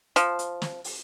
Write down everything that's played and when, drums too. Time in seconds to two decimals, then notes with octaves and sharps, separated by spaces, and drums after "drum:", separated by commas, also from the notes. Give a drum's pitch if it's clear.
0.16 F3, drum: hi-hat
0.39 drum: hi-hat
0.62 drum: snare
0.84 drum: open hi-hat